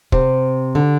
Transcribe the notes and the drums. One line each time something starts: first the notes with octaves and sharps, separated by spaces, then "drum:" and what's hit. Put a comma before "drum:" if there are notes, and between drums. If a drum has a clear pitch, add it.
C3, drum: kick
D3